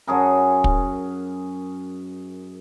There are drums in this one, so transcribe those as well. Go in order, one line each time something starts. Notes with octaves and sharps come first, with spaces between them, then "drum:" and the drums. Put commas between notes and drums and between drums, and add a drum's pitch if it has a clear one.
F#2 F#4 G#4 A#4
drum: kick